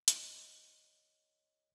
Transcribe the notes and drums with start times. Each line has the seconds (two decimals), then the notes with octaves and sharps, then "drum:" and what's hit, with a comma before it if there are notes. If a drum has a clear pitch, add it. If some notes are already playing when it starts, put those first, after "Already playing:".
0.08 C#5 D#5, drum: hi-hat